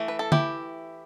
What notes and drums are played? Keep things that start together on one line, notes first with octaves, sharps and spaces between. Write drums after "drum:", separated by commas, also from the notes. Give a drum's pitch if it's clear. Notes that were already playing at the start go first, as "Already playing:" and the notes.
Already playing: E3 A3
B4
A4
E4 G4, drum: tom D3